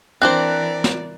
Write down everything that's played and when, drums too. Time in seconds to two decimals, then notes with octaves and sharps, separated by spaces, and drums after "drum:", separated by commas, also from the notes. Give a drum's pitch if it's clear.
0.22 E3 C4 D4 A#4 C5 D5 F#6
0.84 drum: snare